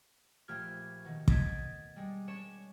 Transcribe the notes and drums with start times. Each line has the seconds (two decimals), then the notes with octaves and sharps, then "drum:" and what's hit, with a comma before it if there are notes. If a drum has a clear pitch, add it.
0.48 A#1 A3 G4 F6 G#6
1.05 B2 D#3
1.28 D#5 A5 G#6 B6 D7, drum: kick
1.96 G3 G#3
2.28 C#4 D4 C#5 C#6 E7